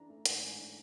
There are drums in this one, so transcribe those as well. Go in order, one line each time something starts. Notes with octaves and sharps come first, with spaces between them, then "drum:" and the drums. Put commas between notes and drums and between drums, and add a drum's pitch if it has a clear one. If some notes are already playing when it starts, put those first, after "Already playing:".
Already playing: E3 D4 A#5
A3
G#2 G#5, drum: hi-hat
E3
D4